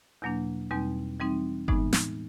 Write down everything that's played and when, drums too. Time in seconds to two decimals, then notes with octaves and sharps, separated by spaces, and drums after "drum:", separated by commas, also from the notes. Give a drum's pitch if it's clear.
0.22 E2 B2 F#3 A#3 D4
0.71 E2 B2 G3 C4 D#4
1.20 E3 G3 C4 D#4
1.68 A2 E3 G#3 B3 D#4, drum: kick G1
1.93 drum: snare